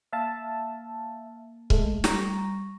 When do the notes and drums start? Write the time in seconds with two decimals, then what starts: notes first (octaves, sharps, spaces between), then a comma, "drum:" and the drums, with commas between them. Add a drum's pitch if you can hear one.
0.13 A#3 E5 F5 A5
1.70 G#3 A3, drum: kick C#1
2.04 G3 A#5 C#6, drum: snare